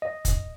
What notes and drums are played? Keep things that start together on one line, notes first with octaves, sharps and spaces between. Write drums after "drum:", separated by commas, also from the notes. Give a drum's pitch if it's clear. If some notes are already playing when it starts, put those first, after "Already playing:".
D#5
drum: kick, hi-hat